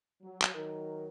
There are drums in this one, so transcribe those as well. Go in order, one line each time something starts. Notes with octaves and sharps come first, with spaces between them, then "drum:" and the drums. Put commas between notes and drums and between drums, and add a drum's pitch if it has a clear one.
F#3
drum: clap
D#3 F#3 D#4 A#4